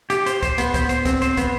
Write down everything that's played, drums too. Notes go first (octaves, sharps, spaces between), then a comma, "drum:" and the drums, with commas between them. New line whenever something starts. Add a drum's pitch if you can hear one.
G4, drum: hi-hat
C5, drum: hi-hat
C5, drum: kick, hi-hat
B3, drum: hi-hat
C5, drum: kick, hi-hat
C5, drum: hi-hat
C4, drum: kick, hi-hat
C5, drum: hi-hat
B3, drum: kick, hi-hat